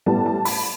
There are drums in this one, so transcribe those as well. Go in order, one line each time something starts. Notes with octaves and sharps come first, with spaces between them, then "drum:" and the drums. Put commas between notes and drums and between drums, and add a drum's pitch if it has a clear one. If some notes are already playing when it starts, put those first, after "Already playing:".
A2 G3 B3 A5
A5
B5, drum: open hi-hat